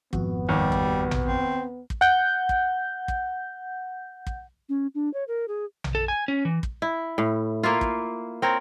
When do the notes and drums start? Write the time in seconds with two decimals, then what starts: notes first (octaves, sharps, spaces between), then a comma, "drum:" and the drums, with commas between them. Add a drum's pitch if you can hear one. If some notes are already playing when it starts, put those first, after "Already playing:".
0.13 G#1 F2 B3 F#4, drum: kick
0.49 D#2 G3
0.72 drum: kick
1.11 drum: tom A#1
1.25 C4
1.90 drum: kick
2.01 F#5 G6
2.49 drum: kick
3.08 drum: kick
4.27 drum: kick
4.69 C#4
4.95 D4
5.14 C#5
5.28 A#4
5.48 G#4
5.84 drum: tom A#1
5.95 A4
6.08 G#5
6.28 C#4
6.45 E3
6.63 drum: kick
6.82 E4
7.18 A2
7.63 A#3 E4 F4
7.81 drum: kick
8.42 C4 A#4 C#5